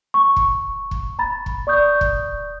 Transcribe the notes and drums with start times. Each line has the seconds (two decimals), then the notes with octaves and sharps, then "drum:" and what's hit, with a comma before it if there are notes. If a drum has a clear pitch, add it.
0.14 C#6
0.36 drum: kick
0.91 drum: kick
1.19 A#5 B5 A6
1.46 drum: kick
1.67 D5 C#6 D#6 G6
2.01 drum: kick